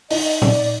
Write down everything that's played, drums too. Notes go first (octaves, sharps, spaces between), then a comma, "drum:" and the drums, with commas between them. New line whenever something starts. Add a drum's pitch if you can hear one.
D#4 D#5, drum: open hi-hat
D#5
D5, drum: tom A#2
D5